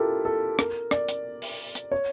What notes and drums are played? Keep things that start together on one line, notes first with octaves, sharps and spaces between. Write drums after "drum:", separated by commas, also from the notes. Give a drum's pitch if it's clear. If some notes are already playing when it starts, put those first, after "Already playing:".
Already playing: E4 F4 G4 A4 A#4
A4
A#4, drum: rim click
D5, drum: rim click
drum: hi-hat
drum: open hi-hat
drum: hi-hat
C#5